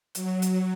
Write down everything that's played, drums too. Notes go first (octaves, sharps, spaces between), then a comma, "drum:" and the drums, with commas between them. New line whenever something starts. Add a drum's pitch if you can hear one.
F#3, drum: hi-hat
drum: hi-hat